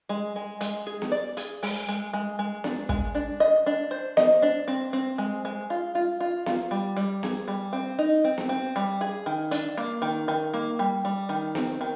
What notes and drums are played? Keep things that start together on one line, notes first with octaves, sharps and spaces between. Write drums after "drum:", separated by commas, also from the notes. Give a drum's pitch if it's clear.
G#3
G#3
G#3, drum: hi-hat
G#4
drum: snare B3
D5
G#4, drum: hi-hat
G#3, drum: open hi-hat
G#3
G#3
G#3
D4, drum: snare B3
G#3, drum: kick
D4
D#5
D4
C5
D#5, drum: snare B3
D4
C4
C4
G#3
G#3
F4
F4
F4
F4, drum: snare B3
G3
G3
G#4, drum: snare B3
G3
C4
D#4
C4
drum: snare B3
C4
G3
G#4
D#3
D4, drum: hi-hat
A#3
D#3
D#3
A#3
G3
G3
D#3
C4, drum: snare B3
D#3